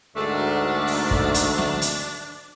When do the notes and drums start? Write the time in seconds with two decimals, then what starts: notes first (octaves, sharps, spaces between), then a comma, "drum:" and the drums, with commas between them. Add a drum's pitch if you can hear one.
0.16 D2 G#2 A3 D4 D#4 F#4 A#4
0.87 drum: open hi-hat
1.11 drum: kick
1.34 drum: hi-hat
1.58 drum: snare
1.82 drum: hi-hat